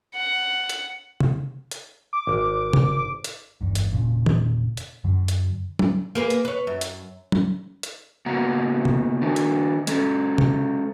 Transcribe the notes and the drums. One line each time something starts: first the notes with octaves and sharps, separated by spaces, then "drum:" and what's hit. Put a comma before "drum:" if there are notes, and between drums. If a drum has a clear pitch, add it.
F#5
drum: hi-hat
drum: tom C3
drum: hi-hat
D6
G#1
drum: tom C3
drum: hi-hat
G1 E2 G#2
drum: hi-hat
E1 A#2 C#3
drum: tom
drum: hi-hat
F#2 D3 F#3
drum: hi-hat
drum: tom F#3
A#3 G#4 B4
drum: hi-hat
B4 C#5
F#2
drum: hi-hat
drum: tom F#3
drum: hi-hat
C#3 A#3 B3 F#4 F#5 A#5
drum: tom C3
D#3 D4 F#4
drum: hi-hat
G#3 C#4 A4, drum: hi-hat
drum: tom C3